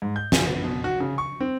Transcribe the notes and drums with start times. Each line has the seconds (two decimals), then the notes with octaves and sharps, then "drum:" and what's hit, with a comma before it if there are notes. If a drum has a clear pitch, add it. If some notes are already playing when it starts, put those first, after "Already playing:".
0.02 G#2
0.16 G6
0.32 G#4, drum: snare
0.47 B3
0.64 B2
0.84 F#4
1.00 C#3
1.18 C#6
1.40 C4